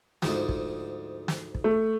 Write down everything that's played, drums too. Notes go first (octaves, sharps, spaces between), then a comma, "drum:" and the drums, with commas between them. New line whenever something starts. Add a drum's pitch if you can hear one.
D2 G#2 F3, drum: snare
drum: kick
drum: snare
drum: kick
A3